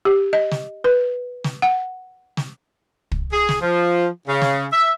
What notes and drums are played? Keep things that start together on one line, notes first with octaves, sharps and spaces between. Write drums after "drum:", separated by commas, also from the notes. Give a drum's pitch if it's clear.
G4
D#5
drum: snare
B4
drum: snare
F#5
drum: snare
drum: kick
G#4
drum: snare
F3
C#3
drum: snare
E5